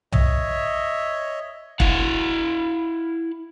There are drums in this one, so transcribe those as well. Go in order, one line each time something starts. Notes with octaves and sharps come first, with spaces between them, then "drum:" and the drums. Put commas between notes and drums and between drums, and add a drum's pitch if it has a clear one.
C#5 D#5 E5, drum: tom
E4 F5 F#5, drum: kick E1